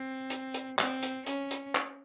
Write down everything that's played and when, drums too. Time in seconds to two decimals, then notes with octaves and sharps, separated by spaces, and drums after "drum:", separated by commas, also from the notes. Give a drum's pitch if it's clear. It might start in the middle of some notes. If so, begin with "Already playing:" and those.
Already playing: C4
0.30 drum: hi-hat
0.54 drum: hi-hat
0.79 C4, drum: clap
1.03 drum: hi-hat
1.26 C#4, drum: hi-hat
1.51 drum: hi-hat
1.75 drum: clap